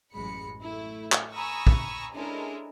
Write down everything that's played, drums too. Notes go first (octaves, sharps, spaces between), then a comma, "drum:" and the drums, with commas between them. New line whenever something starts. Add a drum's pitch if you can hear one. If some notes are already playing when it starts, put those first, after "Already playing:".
A1 F#2 G#3 B5 C#7
A3 E4
drum: clap
G#5 A#5 B5 C#6 D#6 E6
drum: kick
G#3 C#4 D4 E4 A4 A#4